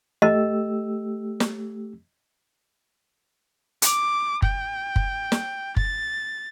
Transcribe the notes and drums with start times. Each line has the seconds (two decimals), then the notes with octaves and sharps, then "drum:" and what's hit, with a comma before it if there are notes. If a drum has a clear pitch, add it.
0.22 A3 G4 D#5 E6
1.40 drum: snare
3.82 D6, drum: hi-hat
4.42 G5, drum: kick
4.96 drum: kick
5.32 drum: snare
5.76 A6, drum: kick